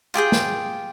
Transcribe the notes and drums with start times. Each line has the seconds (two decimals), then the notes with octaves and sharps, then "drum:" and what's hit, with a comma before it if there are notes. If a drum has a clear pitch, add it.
0.14 F4 G4 G#4 G5
0.32 drum: snare